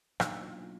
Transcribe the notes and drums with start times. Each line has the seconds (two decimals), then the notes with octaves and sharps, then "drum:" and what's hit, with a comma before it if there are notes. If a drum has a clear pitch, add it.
0.20 B2 F#3 A#3 D4 D#4, drum: rim click
0.41 F4
0.63 F4